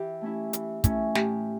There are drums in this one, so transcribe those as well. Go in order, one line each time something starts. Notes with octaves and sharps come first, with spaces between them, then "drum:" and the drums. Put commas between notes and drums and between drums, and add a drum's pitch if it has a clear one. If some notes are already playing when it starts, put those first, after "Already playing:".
Already playing: E3 G4
A3 C#4 E4
E3, drum: hi-hat
A3 C#4 E4, drum: kick, hi-hat
A2 G4, drum: snare